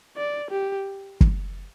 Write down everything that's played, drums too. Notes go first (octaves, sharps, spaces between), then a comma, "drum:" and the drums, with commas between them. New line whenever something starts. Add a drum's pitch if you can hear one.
D5
G4
drum: kick